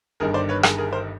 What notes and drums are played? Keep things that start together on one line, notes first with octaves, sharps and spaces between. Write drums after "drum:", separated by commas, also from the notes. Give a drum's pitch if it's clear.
G1 G2 D#3 G#4 A#4
C5 D5
B4 C#5
G#4 A#4, drum: rim click
G#4 A#4
A#4 C5